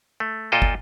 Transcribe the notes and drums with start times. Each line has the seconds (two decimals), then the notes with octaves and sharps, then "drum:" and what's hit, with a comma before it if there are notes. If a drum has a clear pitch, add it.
0.20 A3
0.52 A#2 F4 A4 D#5 G5
0.62 drum: kick